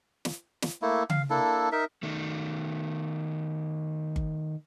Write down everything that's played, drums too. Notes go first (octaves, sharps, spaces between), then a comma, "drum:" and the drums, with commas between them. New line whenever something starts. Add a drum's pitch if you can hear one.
drum: snare
drum: snare
A3 A#3 E4
F5, drum: tom C#3
A#3 D4 E4 A4
D#4 A#4 E5
D#3 A3
drum: kick G1